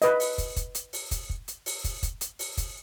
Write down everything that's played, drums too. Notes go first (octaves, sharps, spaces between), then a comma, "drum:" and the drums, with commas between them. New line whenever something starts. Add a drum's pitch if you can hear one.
B4 D#5, drum: hi-hat
drum: open hi-hat
drum: kick, hi-hat
drum: kick, hi-hat
drum: hi-hat
drum: open hi-hat
drum: kick, hi-hat
drum: kick
drum: hi-hat
drum: open hi-hat
drum: kick, hi-hat
drum: kick, hi-hat
drum: hi-hat
drum: open hi-hat
drum: kick, hi-hat